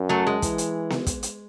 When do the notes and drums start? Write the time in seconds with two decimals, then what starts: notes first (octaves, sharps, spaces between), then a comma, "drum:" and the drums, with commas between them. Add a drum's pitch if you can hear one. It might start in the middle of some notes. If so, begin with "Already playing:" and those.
Already playing: F#2
0.09 F#3 A3
0.27 G#3
0.42 E3, drum: kick, hi-hat
0.58 drum: hi-hat
0.90 drum: snare B3
1.07 drum: kick, hi-hat
1.23 drum: hi-hat